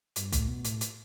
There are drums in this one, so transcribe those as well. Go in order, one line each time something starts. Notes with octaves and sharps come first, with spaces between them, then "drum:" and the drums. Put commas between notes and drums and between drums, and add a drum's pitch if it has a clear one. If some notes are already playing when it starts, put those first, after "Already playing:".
G2, drum: hi-hat
A2, drum: kick, hi-hat
B2
A2, drum: hi-hat
drum: hi-hat